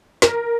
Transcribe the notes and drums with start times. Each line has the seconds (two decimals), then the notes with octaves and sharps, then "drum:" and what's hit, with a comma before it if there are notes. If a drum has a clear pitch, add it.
0.22 A#4, drum: snare